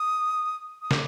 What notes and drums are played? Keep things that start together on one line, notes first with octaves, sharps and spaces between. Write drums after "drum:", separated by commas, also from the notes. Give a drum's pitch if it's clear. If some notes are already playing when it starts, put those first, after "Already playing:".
Already playing: D#6
D#6
D6, drum: snare